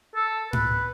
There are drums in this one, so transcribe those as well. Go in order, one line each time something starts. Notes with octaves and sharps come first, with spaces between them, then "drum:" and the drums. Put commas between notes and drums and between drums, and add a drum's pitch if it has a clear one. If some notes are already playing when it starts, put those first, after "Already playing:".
A4
B4, drum: tom G#2